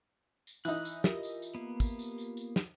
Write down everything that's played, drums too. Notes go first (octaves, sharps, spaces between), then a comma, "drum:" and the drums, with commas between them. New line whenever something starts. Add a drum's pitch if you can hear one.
drum: tambourine
E3 D#4 F#6, drum: tambourine
drum: tambourine
F4 G4 A#4 D#5, drum: snare
drum: tambourine
drum: tambourine
A#3 B3
drum: kick, tambourine
drum: tambourine
drum: tambourine
drum: tambourine
drum: snare